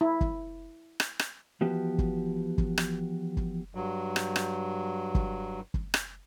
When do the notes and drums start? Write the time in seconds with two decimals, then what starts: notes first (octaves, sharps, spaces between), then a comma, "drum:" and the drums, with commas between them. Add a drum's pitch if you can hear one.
0.01 E4
0.21 drum: kick
1.00 drum: rim click
1.19 drum: rim click
1.61 E3 F3 B3 F#4 G4
1.99 drum: kick
2.58 drum: kick
2.78 drum: rim click
3.37 drum: kick
3.75 G2 F#3
4.16 drum: rim click
4.36 drum: rim click
5.15 drum: kick
5.74 drum: kick
5.94 drum: rim click